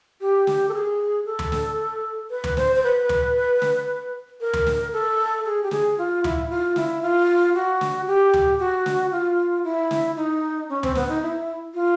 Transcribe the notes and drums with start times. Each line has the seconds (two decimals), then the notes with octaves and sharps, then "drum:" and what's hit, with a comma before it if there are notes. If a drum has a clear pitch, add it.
0.21 G4
0.47 drum: snare
0.69 A4
0.74 G#4
1.26 A4
1.39 drum: tom D2
1.52 drum: snare
2.30 B4
2.44 drum: tom D2
2.57 C5, drum: snare
2.76 C5
2.83 B4
3.09 drum: tom D2
3.62 drum: snare
4.41 A#4
4.53 drum: tom D2
4.66 drum: snare
4.93 A4
5.45 G#4
5.63 G4
5.71 G#4, drum: snare
5.98 F4
6.24 E4, drum: tom D2
6.50 F4
6.76 E4, drum: snare
7.02 F4
7.54 F#4
7.81 drum: snare
8.07 G4
8.33 drum: tom D2
8.60 F#4
8.86 drum: snare
9.12 F4
9.64 E4
9.91 drum: snare
10.16 D#4
10.69 C#4
10.83 C4, drum: tom D2
10.95 B3, drum: snare
11.09 D#4
11.22 E4
11.74 F4